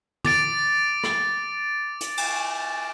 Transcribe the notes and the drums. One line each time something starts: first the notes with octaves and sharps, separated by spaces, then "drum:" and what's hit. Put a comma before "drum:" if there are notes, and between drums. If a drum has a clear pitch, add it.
D6 A6 D7, drum: tom
drum: rim click
drum: hi-hat
drum: cymbal